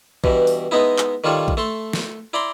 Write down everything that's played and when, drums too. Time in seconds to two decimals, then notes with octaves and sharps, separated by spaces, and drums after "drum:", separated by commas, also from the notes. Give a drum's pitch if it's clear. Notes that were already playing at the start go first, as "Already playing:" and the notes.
0.24 G2 B2 E3, drum: kick
0.47 drum: open hi-hat
0.71 G#3 B3 D#4 E4
0.98 drum: clap
1.24 D#3 G3 F4 A4 C#5
1.48 drum: kick
1.57 A3 A4 C6
1.93 drum: snare
2.33 E4 D5 A#5 C6